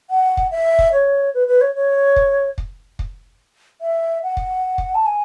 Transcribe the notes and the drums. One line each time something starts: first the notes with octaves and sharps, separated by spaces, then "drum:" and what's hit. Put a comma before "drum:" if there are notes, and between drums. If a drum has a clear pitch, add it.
F#5
drum: kick
E5
drum: kick
C#5
B4
B4
C#5
C#5
drum: kick
drum: kick
drum: kick
E5
F#5
drum: kick
drum: kick
A5
G#5